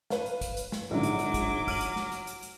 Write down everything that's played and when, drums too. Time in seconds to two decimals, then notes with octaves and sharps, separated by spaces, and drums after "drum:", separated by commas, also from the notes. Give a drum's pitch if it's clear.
0.10 B4 C#5 F5, drum: snare
0.26 drum: hi-hat
0.41 drum: kick, hi-hat
0.57 drum: hi-hat
0.72 drum: snare
0.91 A#1 G#2 D3 F#3 D6
1.03 drum: hi-hat
1.19 drum: hi-hat
1.34 drum: kick, hi-hat
1.68 F6 D#7 F#7, drum: kick, open hi-hat
1.81 drum: hi-hat
1.96 drum: snare
2.12 drum: hi-hat
2.27 drum: hi-hat
2.43 drum: hi-hat